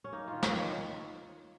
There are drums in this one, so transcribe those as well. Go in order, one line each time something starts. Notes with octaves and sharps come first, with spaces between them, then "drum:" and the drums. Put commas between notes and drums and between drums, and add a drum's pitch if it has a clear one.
C#4
A#3 D#4
D#3 F4
C#5, drum: snare
D#3
C#5